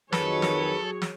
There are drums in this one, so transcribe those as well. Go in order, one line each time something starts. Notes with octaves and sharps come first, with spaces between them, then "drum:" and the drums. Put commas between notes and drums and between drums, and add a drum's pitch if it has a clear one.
F2 D#3 F#3 G#4 A4 B4 C#5, drum: snare
drum: snare
drum: snare